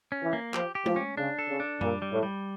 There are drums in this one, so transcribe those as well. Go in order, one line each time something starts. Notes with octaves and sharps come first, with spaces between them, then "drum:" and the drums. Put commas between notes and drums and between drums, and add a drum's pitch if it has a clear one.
C#4
E3
A#3
F3 G4, drum: clap
G4
F3, drum: tom G#3
C#4
C#3 D4
A4
C#3
D4
A#2 G3, drum: tom F#2
G3
A2
G3